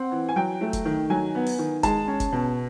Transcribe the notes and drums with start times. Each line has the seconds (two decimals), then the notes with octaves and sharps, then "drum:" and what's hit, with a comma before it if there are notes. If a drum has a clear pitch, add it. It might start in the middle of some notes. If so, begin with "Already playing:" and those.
Already playing: C4 F#5
0.12 E3
0.29 G#5
0.36 F#3 G5
0.61 A3
0.73 drum: kick F1, hi-hat
0.85 D#3
1.10 F#3 G#5
1.35 B3
1.46 drum: open hi-hat
1.59 D#3
1.83 G#3 A5, drum: kick F1, hi-hat
2.08 C#4
2.20 drum: kick F1, hi-hat
2.32 B2